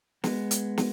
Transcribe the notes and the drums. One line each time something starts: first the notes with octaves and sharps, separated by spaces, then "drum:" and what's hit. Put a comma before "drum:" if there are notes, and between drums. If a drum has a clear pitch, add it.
G#3 B3, drum: snare
drum: hi-hat
drum: snare